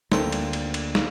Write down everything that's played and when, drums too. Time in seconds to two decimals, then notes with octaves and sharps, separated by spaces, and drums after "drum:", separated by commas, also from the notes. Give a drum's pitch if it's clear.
0.12 D2 A#2 A3 C#4 A4 C5 G5 A#5, drum: snare
0.32 drum: cymbal
0.53 drum: cymbal
0.74 drum: cymbal
0.95 drum: snare